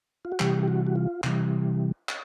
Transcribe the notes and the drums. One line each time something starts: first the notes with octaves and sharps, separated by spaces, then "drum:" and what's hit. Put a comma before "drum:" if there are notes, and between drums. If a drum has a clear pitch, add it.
F4
F#4
C3 E3 G3 G4, drum: clap
G4
F#4
F#4
F4
C3 E3 G3, drum: clap
drum: clap